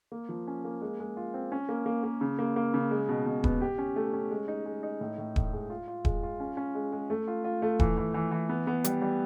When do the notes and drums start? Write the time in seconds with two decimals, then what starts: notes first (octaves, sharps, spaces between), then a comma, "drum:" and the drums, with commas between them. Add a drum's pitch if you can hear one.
0.12 A#3
0.29 F3
0.47 C#4
0.65 A#3
0.81 G#3
1.00 G#3
1.17 F4
1.34 C4
1.52 C#4
1.69 A#3
1.86 A#3
2.04 A#3
2.21 C#3
2.39 A#3
2.56 A#3
2.74 C#3
2.91 G#3
3.09 B2
3.26 B2
3.44 B3, drum: kick D#1
3.62 G4
3.78 C#4
3.96 A3
4.13 C#4
4.31 G#3
4.48 D#4
4.65 G#3
4.83 D#4
5.01 A2
5.18 A2
5.36 A2, drum: kick D#1
5.53 G#3
5.70 F4
5.88 F4
6.05 G#3, drum: kick D#1
6.23 F4
6.40 C#4
6.57 C#4
6.75 G#3
6.92 G#3
7.10 A3
7.28 F4
7.44 F4
7.62 A3
7.80 E3, drum: kick D#1
7.97 E3
8.14 E3
8.31 E3
8.49 B3
8.67 B3
8.84 G3, drum: hi-hat
9.02 G3